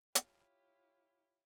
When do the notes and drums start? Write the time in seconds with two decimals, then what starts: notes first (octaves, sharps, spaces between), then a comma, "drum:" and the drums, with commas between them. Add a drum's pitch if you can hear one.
0.15 E4 F4 G4 C#5, drum: hi-hat